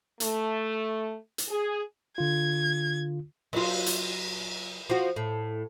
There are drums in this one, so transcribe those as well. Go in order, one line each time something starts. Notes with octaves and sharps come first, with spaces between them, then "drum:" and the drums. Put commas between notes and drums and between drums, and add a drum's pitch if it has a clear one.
A3, drum: hi-hat
drum: hi-hat
G#4
D3 F4 G#6
F#3 F4, drum: cymbal
drum: hi-hat
F3 F#4
A2